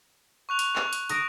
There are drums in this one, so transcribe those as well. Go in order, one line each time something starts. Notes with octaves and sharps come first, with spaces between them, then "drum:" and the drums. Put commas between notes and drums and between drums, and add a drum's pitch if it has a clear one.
C#6 F#6 F7
drum: hi-hat
drum: clap
drum: hi-hat
D#6 A#6 D7, drum: hi-hat